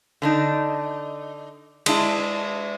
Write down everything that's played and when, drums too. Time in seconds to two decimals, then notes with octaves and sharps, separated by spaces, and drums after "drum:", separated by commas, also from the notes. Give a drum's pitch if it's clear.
0.22 D3 D4 D#4
1.86 G#3 D4 E4, drum: cymbal